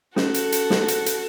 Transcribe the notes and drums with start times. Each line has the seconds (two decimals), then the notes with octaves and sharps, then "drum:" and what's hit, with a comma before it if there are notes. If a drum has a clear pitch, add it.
0.16 C#4 F#4 A4, drum: snare
0.34 drum: hi-hat
0.52 drum: hi-hat
0.70 drum: snare
0.88 drum: hi-hat
1.06 drum: hi-hat